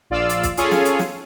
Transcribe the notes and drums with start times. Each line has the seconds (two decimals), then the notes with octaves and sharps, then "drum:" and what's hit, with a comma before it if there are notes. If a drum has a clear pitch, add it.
0.10 A#1 F4 D5 F5 E6
0.30 drum: hi-hat
0.43 drum: kick, hi-hat
0.57 C#4 F4 G#4 A4 C#5, drum: hi-hat
0.71 drum: snare
0.85 drum: hi-hat
0.99 drum: snare